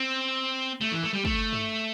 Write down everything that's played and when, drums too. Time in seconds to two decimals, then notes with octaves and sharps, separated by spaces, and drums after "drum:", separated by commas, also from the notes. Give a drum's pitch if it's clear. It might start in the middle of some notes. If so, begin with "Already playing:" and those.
Already playing: C4
0.81 A3
0.92 E3
1.03 A3
1.13 G3
1.25 A3, drum: kick
1.53 drum: tom G2